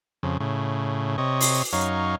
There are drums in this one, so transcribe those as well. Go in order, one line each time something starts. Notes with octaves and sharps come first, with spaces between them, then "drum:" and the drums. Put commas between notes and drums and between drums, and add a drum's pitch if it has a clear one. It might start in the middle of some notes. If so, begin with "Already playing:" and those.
F2 C#3
A2 C#3
C3 C#5 D#5
drum: open hi-hat
F#2 D#4 C#5 F5